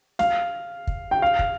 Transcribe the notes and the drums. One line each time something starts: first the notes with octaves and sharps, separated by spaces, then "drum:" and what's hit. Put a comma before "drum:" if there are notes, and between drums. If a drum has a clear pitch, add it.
F5, drum: snare
drum: kick
G5
F5
drum: kick